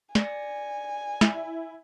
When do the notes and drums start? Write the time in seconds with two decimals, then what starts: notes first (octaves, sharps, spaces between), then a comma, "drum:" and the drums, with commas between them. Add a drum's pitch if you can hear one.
0.15 D5 G#5 A#6 C#7, drum: snare
1.21 E4, drum: snare